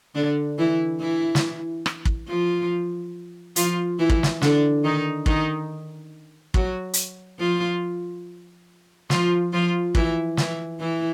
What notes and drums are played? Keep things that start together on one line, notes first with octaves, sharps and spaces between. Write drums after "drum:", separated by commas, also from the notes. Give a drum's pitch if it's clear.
D3 D4
E3 E4
E3 E4
drum: snare
drum: rim click
drum: kick
F3 F4
F3 F4, drum: hi-hat
E3 E4
drum: kick
drum: snare
D3 D4, drum: snare
D#3 D#4
D#3 D#4, drum: kick
F#3 F#4, drum: kick
drum: hi-hat
F3 F4
F3 F4, drum: snare
F3 F4
E3 E4, drum: kick
E3 E4, drum: snare
E3 E4